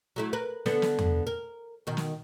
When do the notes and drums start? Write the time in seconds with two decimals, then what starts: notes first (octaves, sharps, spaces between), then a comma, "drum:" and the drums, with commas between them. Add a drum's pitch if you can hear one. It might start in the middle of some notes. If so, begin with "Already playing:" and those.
0.16 F#3 A3 E4
0.33 A#4 B4
0.66 D3 B3 A4, drum: snare
0.82 drum: snare
0.98 drum: tom E2
1.27 A#4
1.87 B2 D#3
1.97 drum: snare